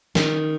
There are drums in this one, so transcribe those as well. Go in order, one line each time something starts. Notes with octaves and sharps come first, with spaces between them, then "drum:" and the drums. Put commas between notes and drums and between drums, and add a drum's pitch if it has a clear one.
D#3, drum: snare